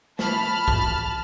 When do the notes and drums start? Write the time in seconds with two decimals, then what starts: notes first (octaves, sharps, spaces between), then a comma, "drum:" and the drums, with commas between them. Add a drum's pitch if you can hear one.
0.19 A5 B5 F6, drum: snare
0.68 drum: kick